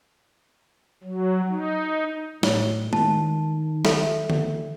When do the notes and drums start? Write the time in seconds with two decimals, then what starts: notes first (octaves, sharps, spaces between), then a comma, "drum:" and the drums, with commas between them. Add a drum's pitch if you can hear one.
1.04 F#3
1.49 D#4
2.43 A2 C#5 G7, drum: snare
2.93 D#3 A5, drum: tom G#3
3.85 A4 E5, drum: snare
4.30 drum: tom D3